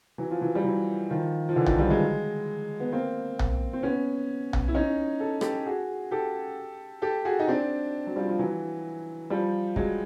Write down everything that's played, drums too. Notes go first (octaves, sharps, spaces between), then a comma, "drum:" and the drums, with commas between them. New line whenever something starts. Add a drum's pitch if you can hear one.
E3 F#3
F3
E3 F#3
G3
E3 F#3
D#3 F3
F3
D3 E3
D#3 F3, drum: tom B1
F3 G3
F#3 G#3
B3
A#3 C4
drum: tom B1
C4
B3 C#4
drum: tom B1
E4
C#4 D#4
A4
G4 A4, drum: rim click
F#4 G#4
G4 A4
G4 A4
F#4 G#4
D#4
C4 D4
F#3
F3 G3
F3
E3 F#3
F3 G3
F#3 G#3, drum: kick